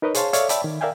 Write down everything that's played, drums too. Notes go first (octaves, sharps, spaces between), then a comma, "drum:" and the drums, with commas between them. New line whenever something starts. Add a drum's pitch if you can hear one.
D#4 A#4 B4 C#5 D#5
G#4 C5 C#5 F5 A5 C6, drum: hi-hat
A4 C#5 D5 E5 F5, drum: hi-hat
D5 E5 G5 A5 B5 D6, drum: hi-hat
D#3
A#4 D5 E5 F5 G5 G#5